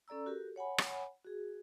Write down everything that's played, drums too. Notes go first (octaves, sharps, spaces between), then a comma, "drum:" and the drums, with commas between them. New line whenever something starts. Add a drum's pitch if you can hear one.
C#4 A4 D5 A#5 E6
F#4 G4 A4 A#4
C#5 F#5 G#5 B5
drum: rim click
F#4 G#4